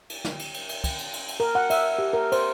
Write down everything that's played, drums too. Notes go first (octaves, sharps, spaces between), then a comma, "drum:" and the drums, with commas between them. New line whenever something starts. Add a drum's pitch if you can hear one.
drum: cymbal
drum: snare
drum: cymbal
drum: cymbal
drum: cymbal
drum: kick, cymbal
drum: cymbal
drum: cymbal
drum: cymbal
A#4
F#5
E5, drum: cymbal
G4
A#4
C5, drum: cymbal